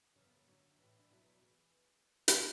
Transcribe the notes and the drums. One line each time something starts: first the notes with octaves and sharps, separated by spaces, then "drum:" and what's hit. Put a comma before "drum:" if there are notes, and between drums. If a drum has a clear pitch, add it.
F#2 C#3 E3 C#4
B3
B3
F#2 D3 F#3 C#4
A2 E3
D4
E2 B2 F#3 E4
E3 G#4
drum: hi-hat